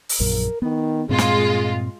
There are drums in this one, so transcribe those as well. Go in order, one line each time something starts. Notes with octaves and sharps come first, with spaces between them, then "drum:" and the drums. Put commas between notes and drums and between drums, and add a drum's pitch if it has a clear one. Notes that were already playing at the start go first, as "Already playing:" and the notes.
drum: open hi-hat
A#1 F#2 A#4
D#3 B3
G2 A#2 G#3 C4 F4 G#4
drum: snare